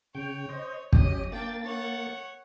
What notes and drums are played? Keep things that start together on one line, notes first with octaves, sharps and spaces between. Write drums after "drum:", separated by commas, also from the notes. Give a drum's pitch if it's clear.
C#3 C#5 G5
C5 D#5
F#3 C#4 G4 D#5, drum: kick
A#3 D4 G5 A6
C#5 F#5